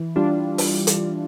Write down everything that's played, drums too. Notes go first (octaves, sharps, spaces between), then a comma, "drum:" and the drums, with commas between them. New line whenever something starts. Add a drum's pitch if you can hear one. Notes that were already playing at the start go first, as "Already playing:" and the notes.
Already playing: E3
G3 D4 F4
drum: open hi-hat
drum: hi-hat